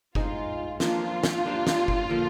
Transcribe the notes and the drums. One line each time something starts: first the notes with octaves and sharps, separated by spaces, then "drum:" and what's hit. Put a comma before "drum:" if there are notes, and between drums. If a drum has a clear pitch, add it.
G#3 D#4 F4 G#4 C5, drum: kick F#1
F3 A#3 D4 F4, drum: snare
drum: snare
A#3 D4 G4 C5
drum: snare
drum: kick F#1
D3 F3 A#3